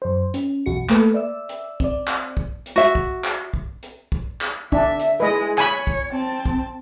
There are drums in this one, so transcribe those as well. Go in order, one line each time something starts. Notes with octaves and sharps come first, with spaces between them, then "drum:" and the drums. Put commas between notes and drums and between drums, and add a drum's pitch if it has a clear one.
F#2 C5
C#4, drum: hi-hat
B1 E2 F#4 C#7
A3 A#3 A4 B4, drum: clap
D5 E5 E6
drum: hi-hat
C4 D5, drum: kick
drum: clap
drum: kick
drum: hi-hat
F#4 E5
drum: kick
drum: clap
drum: kick
drum: hi-hat
drum: kick
drum: clap
D4 E5, drum: kick
drum: hi-hat
G#3 E4 B4 D#5
C#5 G#5 B5, drum: clap
drum: kick
C4 A5
drum: kick